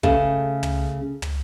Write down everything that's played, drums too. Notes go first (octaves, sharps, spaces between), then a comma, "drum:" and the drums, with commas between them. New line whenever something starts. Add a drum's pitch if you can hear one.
C#3 A3, drum: kick
drum: tom
drum: tom